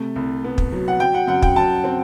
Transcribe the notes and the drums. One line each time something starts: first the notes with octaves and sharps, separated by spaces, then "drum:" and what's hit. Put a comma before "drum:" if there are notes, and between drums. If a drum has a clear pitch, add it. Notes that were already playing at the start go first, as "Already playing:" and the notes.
Already playing: C3 A3
C2
B3
drum: kick
F#3
F#5
F#3 G5
F#5
F#2 F#5
G5, drum: kick
F#2 A5
C4